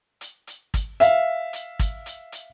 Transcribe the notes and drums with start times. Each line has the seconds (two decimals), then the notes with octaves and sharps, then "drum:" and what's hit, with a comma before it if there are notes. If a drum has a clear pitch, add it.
0.21 drum: hi-hat
0.47 drum: hi-hat
0.74 drum: kick G#1, hi-hat
1.00 E5 F5, drum: hi-hat
1.53 drum: hi-hat
1.79 drum: kick G#1, hi-hat
2.06 drum: hi-hat
2.32 drum: hi-hat